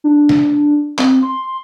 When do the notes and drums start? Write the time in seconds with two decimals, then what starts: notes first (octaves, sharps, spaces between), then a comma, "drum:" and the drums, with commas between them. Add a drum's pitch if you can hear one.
0.04 D4
0.29 drum: snare
0.99 C4, drum: clap
1.22 C6